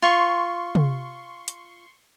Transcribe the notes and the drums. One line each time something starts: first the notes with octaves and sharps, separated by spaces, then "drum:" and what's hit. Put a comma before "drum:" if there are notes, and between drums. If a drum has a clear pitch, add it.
F4 C6 C#6
drum: tom
drum: hi-hat